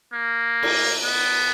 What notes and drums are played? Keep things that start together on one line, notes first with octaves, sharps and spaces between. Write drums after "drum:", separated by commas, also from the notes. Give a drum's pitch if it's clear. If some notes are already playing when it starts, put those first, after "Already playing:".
A#3
drum: cymbal
B3